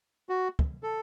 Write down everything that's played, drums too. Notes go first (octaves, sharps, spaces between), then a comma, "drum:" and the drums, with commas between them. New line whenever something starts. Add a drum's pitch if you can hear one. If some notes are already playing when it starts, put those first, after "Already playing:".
F#4
drum: kick
A4